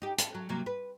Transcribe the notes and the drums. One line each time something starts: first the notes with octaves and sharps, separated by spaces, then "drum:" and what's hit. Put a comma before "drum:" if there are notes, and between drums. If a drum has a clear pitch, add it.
D#4 G4
A4, drum: hi-hat
F#3
C3 F#3 A#3
B4